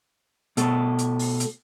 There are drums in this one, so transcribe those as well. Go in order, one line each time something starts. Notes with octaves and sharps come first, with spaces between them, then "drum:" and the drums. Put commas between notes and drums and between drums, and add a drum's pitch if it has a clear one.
B2 A3 A4, drum: hi-hat
drum: hi-hat
drum: open hi-hat
drum: hi-hat